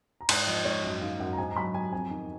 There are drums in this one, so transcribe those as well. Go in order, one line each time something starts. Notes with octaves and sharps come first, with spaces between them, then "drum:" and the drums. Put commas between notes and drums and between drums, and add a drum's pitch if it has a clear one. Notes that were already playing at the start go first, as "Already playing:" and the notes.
A#5
G#2 B5, drum: cymbal
F3 D#5
G#2 C#5
F#2 D#5
D#3 F5
F#2 F#5
A#5
G#2 G#5
A#5
F#3 B5
F#3 G#5
F2 G#5
D#3